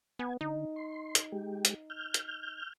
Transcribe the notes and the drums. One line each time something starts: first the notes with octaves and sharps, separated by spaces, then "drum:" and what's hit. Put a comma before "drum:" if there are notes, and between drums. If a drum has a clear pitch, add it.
B3 G#5
D3 D#4
C6
drum: hi-hat
G#3 G4
drum: hi-hat
F6 G6
drum: hi-hat